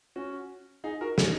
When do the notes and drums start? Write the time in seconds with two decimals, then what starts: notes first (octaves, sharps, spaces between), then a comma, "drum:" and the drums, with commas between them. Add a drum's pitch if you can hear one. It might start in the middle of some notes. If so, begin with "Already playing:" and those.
0.16 C#4 F#4
0.84 D#4 G#4
1.01 F#4 A#4
1.18 D#4 G#4, drum: snare